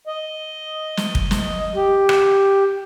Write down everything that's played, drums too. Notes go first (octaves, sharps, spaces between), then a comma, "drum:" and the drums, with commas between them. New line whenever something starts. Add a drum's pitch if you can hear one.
D#5
drum: snare
drum: kick
drum: snare
G4
drum: rim click